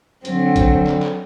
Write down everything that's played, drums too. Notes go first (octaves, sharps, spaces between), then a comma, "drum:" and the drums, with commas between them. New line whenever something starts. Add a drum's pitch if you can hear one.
D3 F#3 C4, drum: hi-hat
drum: kick, hi-hat
drum: clap
drum: clap